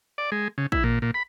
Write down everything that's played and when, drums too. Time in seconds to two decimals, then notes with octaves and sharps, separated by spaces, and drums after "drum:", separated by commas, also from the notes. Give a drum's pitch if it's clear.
0.18 D5
0.32 G#3
0.58 C#3
0.72 E4, drum: kick
0.84 A#2
1.02 A#2
1.14 B5